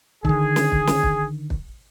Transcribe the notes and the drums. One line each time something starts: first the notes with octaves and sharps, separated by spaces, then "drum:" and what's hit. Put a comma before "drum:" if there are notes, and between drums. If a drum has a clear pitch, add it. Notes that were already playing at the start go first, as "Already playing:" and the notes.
D3 D#3 G#4, drum: kick
drum: snare
drum: kick
drum: snare
drum: kick
drum: kick